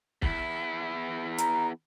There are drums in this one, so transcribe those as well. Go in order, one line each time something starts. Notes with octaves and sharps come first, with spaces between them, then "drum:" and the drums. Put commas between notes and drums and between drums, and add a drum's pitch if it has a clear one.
E2 E4, drum: kick
A#5, drum: hi-hat